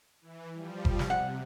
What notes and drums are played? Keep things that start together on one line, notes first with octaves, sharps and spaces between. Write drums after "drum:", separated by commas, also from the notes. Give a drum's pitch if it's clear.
E3
F3 G3
drum: kick F#1
drum: snare
C3 F#5